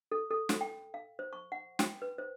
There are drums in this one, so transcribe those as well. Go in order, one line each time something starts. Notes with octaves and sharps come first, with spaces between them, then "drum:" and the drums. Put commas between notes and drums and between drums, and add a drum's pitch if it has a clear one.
A4
A4
drum: snare
G5
F5
C5
C#6
F#5
G5, drum: snare
B4
C5